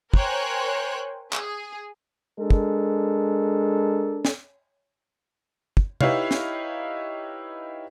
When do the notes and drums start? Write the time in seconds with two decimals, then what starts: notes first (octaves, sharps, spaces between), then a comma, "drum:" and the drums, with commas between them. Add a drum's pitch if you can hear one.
0.14 A#4 C5 C#5 G5 G#5 F#6, drum: kick
1.33 G#4, drum: clap
2.40 G#3 D4 A4 A#4
2.50 drum: kick
4.25 drum: snare
5.77 drum: kick
6.01 D#4 E4 G4 B4 C#5 F5, drum: tom
6.31 drum: snare